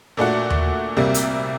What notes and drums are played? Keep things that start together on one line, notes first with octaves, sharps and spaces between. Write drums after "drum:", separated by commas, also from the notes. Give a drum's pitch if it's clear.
A#2 A3 D4 F#4
drum: tom D#2
C2 C3 G3 A#3
drum: hi-hat